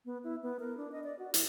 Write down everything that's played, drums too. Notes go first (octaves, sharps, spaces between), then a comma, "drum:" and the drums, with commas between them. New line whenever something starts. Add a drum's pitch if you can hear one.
B3
E4
B3
A#4
D4
D#5
D5
F#4
E4, drum: hi-hat